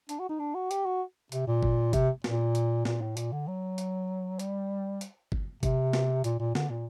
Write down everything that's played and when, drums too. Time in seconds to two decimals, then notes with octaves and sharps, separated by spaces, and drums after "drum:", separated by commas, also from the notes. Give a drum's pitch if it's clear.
0.09 D4, drum: hi-hat
0.19 F#4
0.29 D#4
0.39 D4
0.55 F#4
0.71 G4, drum: hi-hat
0.86 F#4
1.32 C3, drum: hi-hat
1.47 A#2
1.63 drum: kick
1.93 C3, drum: kick, hi-hat
2.24 A#2, drum: snare
2.55 drum: hi-hat
2.85 A#2, drum: snare
3.01 A2
3.17 A#2, drum: hi-hat
3.32 D3
3.48 F#3
3.78 drum: hi-hat
4.39 G3, drum: hi-hat
5.01 drum: hi-hat
5.32 drum: kick
5.63 C3, drum: kick, hi-hat
5.93 drum: snare
6.24 A#2, drum: hi-hat
6.39 A#2
6.55 D3, drum: snare
6.70 A#2